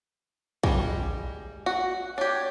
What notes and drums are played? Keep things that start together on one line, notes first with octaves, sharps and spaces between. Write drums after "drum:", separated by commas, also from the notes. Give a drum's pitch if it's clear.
G3 G#3, drum: kick
F#4
D4 G4 C#5